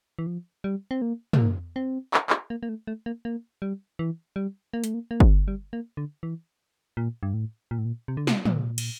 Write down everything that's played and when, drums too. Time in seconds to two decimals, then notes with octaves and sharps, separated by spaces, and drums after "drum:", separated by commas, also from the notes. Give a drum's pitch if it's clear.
0.19 E3
0.27 F3
0.64 G3
0.91 C4
1.02 A#3
1.33 A3, drum: tom
1.38 A#3
1.76 C4
2.14 drum: clap
2.30 drum: clap
2.50 A#3
2.63 A#3
2.69 A3
2.87 A3
3.06 A#3
3.25 A#3
3.62 G3
3.99 E3
4.36 G3
4.74 A#3
4.84 A3, drum: hi-hat
4.94 A#3
5.11 A#3
5.20 drum: kick G1
5.48 G3
5.73 A#3
5.97 D3
6.23 E3
6.97 A#2
7.23 G2
7.34 A2
7.71 A#2
7.78 A2
7.85 A#2
8.08 C3
8.17 D3
8.27 C3, drum: snare
8.45 A#2, drum: tom
8.78 drum: cymbal